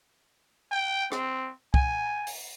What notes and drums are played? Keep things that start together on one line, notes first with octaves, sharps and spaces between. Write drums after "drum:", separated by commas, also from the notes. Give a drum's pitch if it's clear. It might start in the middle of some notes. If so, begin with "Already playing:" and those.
G5
C4, drum: rim click
G#5, drum: kick C2
drum: open hi-hat